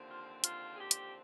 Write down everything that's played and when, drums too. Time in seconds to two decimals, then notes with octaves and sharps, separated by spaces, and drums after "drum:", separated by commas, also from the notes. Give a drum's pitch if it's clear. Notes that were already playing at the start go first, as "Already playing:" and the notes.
Already playing: D#2 D3 F3 C4
0.08 F4
0.44 F4, drum: hi-hat
0.74 G#4
0.80 G4
0.91 drum: hi-hat